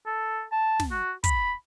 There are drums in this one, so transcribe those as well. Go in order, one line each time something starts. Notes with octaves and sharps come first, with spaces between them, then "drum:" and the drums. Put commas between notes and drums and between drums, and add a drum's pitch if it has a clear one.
A4
A5
drum: snare
F#4
B5, drum: kick, hi-hat